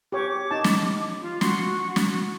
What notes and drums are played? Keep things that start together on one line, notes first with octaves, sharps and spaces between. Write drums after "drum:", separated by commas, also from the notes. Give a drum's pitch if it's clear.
G4 C#5 D6
D#4 A5
drum: snare
F4
F#4 C6, drum: snare
drum: snare